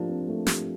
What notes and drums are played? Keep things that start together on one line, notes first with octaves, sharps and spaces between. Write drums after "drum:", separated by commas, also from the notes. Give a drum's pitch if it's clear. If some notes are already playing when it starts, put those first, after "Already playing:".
Already playing: F3 A3 A#3 D4 G4
C4
A3
G4, drum: snare